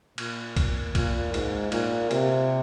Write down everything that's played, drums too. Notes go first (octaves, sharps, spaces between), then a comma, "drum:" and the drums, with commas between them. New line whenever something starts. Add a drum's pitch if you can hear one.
A#2, drum: cymbal
drum: kick, cymbal
A#2, drum: kick, cymbal
G#2, drum: cymbal
A#2, drum: cymbal
C3, drum: cymbal